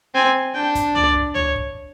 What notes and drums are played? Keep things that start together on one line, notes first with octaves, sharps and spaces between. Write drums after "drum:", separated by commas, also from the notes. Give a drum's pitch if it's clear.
C4 G#5
D4 G5
drum: kick, hi-hat
D5, drum: tom C#2
drum: kick
C#5, drum: tom C#2
drum: kick